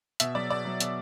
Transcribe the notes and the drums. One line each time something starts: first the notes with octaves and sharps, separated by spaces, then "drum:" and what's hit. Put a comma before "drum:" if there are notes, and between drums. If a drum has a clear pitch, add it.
B2 E5, drum: hi-hat
F#3 D5
B2 D5
F#3
B2, drum: hi-hat